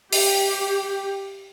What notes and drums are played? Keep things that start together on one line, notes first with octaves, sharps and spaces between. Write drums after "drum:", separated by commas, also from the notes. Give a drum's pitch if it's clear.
G4, drum: open hi-hat